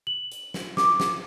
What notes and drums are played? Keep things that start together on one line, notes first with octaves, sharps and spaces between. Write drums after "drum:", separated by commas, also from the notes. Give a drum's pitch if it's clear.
F#7
drum: hi-hat
drum: snare
D6, drum: snare
drum: snare